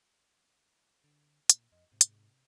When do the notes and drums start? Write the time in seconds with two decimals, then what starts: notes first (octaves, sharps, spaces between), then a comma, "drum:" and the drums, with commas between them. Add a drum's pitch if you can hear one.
1.04 D3
1.50 A#2, drum: hi-hat
1.72 F2 D#5
1.92 G#2 C3
2.01 drum: hi-hat